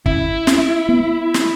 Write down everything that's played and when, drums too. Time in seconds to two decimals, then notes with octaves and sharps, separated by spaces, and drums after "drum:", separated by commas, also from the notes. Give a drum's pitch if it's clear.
0.06 C#4 E4, drum: kick
0.47 C#4, drum: snare
0.89 B3
1.34 drum: snare